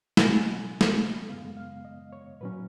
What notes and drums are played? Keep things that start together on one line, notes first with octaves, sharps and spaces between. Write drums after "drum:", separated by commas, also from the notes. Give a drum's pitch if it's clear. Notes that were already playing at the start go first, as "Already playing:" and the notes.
B2 F#3 C#4 G#5, drum: snare
F#5
drum: snare
F#2 C#3 G#3 B3 F5
F5
D#5
C#5
A#2 F#3 C#4 B4